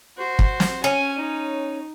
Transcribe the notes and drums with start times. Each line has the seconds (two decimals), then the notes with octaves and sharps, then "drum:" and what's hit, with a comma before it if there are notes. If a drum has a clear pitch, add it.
0.18 F#4 C5
0.39 drum: kick
0.60 drum: snare
0.84 C#4 G#5
1.17 D#4